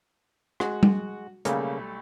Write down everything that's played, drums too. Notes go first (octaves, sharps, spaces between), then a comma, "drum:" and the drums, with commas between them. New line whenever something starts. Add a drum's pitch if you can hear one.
G#3 F#4, drum: rim click
drum: tom G3
B1 C#3 G3 A3 A#3, drum: hi-hat